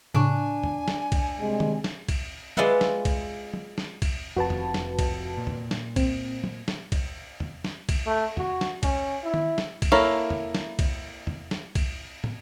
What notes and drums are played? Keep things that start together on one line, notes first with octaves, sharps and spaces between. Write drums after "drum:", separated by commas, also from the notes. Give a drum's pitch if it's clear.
A2 C#3 D4 G#5 C#6
drum: tom E2
drum: snare
drum: kick B1, cymbal
C3 G3 G#3
drum: tom
drum: snare
drum: kick B1, cymbal
G#3 F4 B4 D5 E5 F#5, drum: tom
drum: snare
drum: kick B1, cymbal
drum: tom
drum: snare
drum: kick B1, cymbal
F1 F2 F#4 B4 A5
drum: tom E2
drum: snare
drum: kick B1, cymbal
A#2
drum: tom E2
drum: snare
C4, drum: kick B1, cymbal
drum: tom
drum: snare
drum: kick B1, cymbal
drum: tom E2
drum: snare
drum: kick B1, cymbal
A3
F#4, drum: tom E2
drum: snare
C#4, drum: kick B1, cymbal
E4
drum: tom
drum: snare
drum: kick B1, cymbal
A#3 E4 A4 A#4 C#5
drum: tom E2
drum: snare
drum: kick B1, cymbal
drum: tom E2
drum: snare
drum: kick B1, cymbal
drum: tom